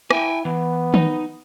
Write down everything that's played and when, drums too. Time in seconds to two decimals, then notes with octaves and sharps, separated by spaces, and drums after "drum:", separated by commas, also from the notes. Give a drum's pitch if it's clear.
0.10 E4 G5 G#5, drum: rim click
0.45 E3 B3
0.94 D#4, drum: tom D#3